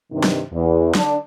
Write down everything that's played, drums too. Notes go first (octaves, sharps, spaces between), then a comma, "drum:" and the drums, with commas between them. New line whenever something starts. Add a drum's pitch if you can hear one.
G2 C3 D#3
drum: snare
E2
D3 D4, drum: snare